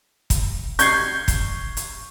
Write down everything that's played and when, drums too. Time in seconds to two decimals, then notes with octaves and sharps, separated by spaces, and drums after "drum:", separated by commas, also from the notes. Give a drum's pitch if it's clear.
0.30 drum: kick, hi-hat
0.79 C#6 G6 G#6 C7, drum: hi-hat
1.28 drum: kick, hi-hat
1.77 drum: hi-hat